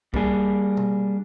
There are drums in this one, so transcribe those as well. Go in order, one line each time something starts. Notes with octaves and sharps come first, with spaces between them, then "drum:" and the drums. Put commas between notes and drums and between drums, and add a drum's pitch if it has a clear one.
G3 A#3 D4 G#4, drum: kick
drum: tom B2